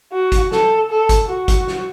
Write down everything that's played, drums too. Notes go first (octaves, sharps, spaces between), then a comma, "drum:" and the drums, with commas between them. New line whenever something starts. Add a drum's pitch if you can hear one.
F#4
drum: kick, hi-hat
A4, drum: snare
A4
drum: kick, hi-hat
F#4
drum: kick, hi-hat
drum: snare